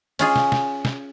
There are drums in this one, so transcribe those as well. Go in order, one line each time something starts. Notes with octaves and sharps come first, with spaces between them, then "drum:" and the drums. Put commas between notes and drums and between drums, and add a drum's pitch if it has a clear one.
C#4 F4 G#4, drum: cymbal
drum: snare
drum: snare
drum: snare